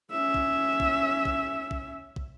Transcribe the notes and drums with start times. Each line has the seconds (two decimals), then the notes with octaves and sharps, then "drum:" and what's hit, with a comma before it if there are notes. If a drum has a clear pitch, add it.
0.12 C#4 E5
0.34 drum: kick
0.80 drum: kick
1.25 drum: kick
1.71 drum: kick
2.16 drum: kick